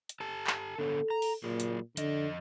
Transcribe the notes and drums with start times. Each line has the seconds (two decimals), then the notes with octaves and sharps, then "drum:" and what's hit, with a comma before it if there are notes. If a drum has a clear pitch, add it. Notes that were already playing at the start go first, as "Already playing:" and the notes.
0.09 drum: hi-hat
0.20 G4 A4 A5
0.47 drum: clap
0.79 D3 B3 A4 C#5
1.10 A#5
1.22 drum: open hi-hat
1.44 A#2 F#3 G#4
1.60 drum: hi-hat
1.97 F2 D3 D#5, drum: hi-hat